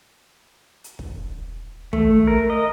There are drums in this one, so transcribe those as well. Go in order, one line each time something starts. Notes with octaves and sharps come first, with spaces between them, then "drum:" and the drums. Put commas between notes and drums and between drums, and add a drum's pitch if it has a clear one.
drum: hi-hat
drum: kick
A3, drum: tom
A#4
D#5